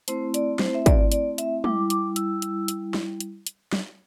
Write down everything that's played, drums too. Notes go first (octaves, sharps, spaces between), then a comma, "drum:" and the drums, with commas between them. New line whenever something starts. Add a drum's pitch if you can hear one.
A3 C4 E4 C5, drum: hi-hat
D5, drum: hi-hat
C5, drum: snare
E5
D5, drum: kick, hi-hat
D5, drum: hi-hat
E5, drum: hi-hat
G3 E4 D6, drum: tom G#3
D6, drum: hi-hat
E6, drum: hi-hat
drum: hi-hat
drum: hi-hat
drum: snare
drum: hi-hat
drum: hi-hat
drum: snare